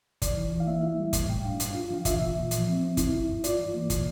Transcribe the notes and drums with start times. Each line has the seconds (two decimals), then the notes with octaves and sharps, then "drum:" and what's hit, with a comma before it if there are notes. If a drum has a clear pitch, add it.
0.22 E3 D5, drum: kick, hi-hat
0.37 E3
0.53 E4
0.60 F5
0.67 A#3 E5
0.83 E4
0.99 G3
1.13 A2, drum: kick, hi-hat
1.29 A2 G5
1.44 D4 F5
1.60 G2, drum: hi-hat
1.75 F4
1.90 E3 F5
2.05 F4 E5, drum: kick, hi-hat
2.20 A#2
2.36 A#2
2.51 F3, drum: hi-hat
2.67 C4
2.82 C4
2.97 E4, drum: kick, hi-hat
3.12 E4
3.28 G2
3.44 F4 D5, drum: hi-hat
3.59 E3
3.74 A#3
3.90 A#2, drum: kick, hi-hat